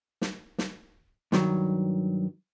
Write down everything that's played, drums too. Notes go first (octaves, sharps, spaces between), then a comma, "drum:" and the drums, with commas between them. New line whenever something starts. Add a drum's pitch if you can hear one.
drum: snare
drum: snare
G2 D#3 F#3, drum: snare